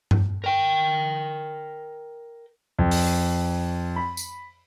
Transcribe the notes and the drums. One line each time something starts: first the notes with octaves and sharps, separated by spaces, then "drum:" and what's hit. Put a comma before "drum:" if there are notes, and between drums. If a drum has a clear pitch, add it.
drum: tom G2
A#4 G5
F2
drum: open hi-hat
B5
drum: tambourine